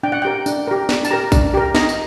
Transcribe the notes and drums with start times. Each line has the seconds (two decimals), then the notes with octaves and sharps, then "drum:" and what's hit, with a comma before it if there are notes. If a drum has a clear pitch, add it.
0.03 D4 G5
0.12 F#5
0.22 G4 A#4 G5
0.46 D4, drum: tambourine
0.67 G4 A#4
0.89 D4, drum: snare
1.05 A5, drum: tambourine
1.11 G4 A#4 A#5
1.32 D4, drum: kick A#1, tambourine
1.54 G4 A#4
1.75 D#4 A#5, drum: snare
1.89 drum: tambourine